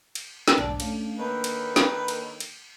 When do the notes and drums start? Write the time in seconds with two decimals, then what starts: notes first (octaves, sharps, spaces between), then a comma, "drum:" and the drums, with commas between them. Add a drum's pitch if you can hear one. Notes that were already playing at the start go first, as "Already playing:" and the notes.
0.15 drum: cymbal
0.48 drum: snare
0.58 B1 E2 G#2 D4
0.80 A3 C#4 F5, drum: cymbal
1.19 D3 D#3 A#3 A#4 B4 C#5 A5
1.44 drum: cymbal
1.76 drum: snare
2.08 drum: cymbal
2.40 drum: cymbal